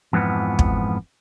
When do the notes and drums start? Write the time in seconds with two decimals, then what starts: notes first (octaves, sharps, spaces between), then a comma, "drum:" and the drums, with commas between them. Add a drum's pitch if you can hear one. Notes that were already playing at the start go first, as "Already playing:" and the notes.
0.13 F2 G#2 E3 F3 B3
0.59 drum: kick